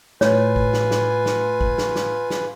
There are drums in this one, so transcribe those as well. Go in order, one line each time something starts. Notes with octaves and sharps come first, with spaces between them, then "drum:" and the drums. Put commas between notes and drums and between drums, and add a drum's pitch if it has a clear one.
A2 F4 B4 C#5 G#5, drum: snare
drum: kick
drum: snare
drum: snare
drum: snare
drum: kick
drum: snare
drum: snare
drum: snare